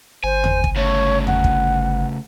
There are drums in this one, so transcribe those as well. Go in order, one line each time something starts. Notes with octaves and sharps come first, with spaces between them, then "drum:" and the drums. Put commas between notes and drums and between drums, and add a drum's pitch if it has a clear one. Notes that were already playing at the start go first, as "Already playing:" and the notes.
G1 C5 G#5
drum: tom E2
drum: kick
C#3 A3 C#5
F#5, drum: tom E2
drum: kick